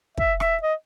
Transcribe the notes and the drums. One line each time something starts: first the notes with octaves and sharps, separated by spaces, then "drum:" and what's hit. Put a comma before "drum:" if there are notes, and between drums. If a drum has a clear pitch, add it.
E5, drum: kick
E5, drum: rim click
D#5